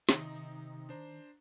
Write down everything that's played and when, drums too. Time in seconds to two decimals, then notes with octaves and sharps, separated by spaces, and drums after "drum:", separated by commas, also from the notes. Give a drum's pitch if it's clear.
0.09 C3 D#3 D#4 E5, drum: snare
0.89 D4 C5 A#5